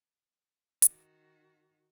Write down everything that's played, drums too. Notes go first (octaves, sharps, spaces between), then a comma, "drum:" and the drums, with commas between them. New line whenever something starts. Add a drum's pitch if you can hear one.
D#3 F#4, drum: hi-hat